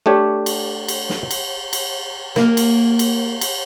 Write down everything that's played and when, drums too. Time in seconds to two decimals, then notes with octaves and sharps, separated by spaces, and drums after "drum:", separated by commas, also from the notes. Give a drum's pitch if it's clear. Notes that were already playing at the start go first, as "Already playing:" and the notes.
0.06 A3 D4 G4 C#5
0.46 drum: cymbal
0.88 drum: cymbal
1.10 drum: snare
1.31 drum: cymbal
1.73 drum: cymbal
2.36 A#3, drum: snare
2.57 drum: cymbal
2.99 drum: cymbal
3.41 drum: cymbal